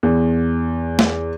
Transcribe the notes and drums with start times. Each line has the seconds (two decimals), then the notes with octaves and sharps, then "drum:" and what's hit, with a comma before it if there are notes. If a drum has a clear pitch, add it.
0.03 E2
0.99 drum: snare